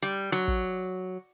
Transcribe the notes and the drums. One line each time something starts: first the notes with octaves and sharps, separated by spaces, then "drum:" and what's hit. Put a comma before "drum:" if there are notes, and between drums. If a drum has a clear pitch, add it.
G3
F#3
drum: kick